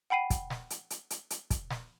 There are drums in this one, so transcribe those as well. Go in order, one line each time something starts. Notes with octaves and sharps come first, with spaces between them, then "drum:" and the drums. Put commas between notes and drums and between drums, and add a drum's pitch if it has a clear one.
F#5 G5 B5 C7 D#7
drum: kick, hi-hat
drum: snare
drum: hi-hat
drum: hi-hat
drum: hi-hat
drum: hi-hat
drum: kick, hi-hat
drum: snare